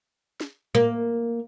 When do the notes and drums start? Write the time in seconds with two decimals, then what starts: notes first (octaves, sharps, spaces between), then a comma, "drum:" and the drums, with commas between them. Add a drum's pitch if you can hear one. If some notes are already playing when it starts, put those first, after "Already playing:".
0.40 drum: snare
0.75 A#3, drum: tom A2